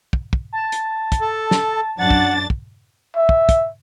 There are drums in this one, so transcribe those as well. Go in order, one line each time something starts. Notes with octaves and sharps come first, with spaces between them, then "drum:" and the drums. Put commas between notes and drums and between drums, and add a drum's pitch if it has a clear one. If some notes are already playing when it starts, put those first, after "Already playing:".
drum: kick
drum: kick
A5
drum: hi-hat
drum: kick, hi-hat
A4
drum: snare
F#2 D4 F#5 A6
drum: kick
drum: kick
E5
drum: kick
drum: kick, hi-hat